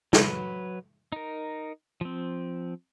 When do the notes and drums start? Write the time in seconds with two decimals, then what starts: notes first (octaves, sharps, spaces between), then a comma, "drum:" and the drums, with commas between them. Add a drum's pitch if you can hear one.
0.13 F#3 B4, drum: snare
1.12 D#4 A#4
2.01 F3 C4